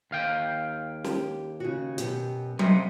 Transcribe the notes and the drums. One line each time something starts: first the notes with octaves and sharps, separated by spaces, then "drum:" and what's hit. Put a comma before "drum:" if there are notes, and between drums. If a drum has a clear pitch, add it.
D#2 F5 G5
G4, drum: snare
C#3 F#4
F#2 B2 G4, drum: hi-hat
F2 C3 D#5 F#5, drum: tom F#3